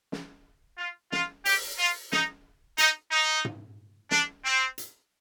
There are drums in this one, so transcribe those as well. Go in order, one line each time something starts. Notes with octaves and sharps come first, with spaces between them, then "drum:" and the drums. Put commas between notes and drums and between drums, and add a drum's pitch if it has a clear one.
drum: snare
F4
F4, drum: snare
G4, drum: open hi-hat
F4
D#4, drum: snare
D#4, drum: hi-hat
D#4
drum: tom
D4, drum: snare
C4
drum: hi-hat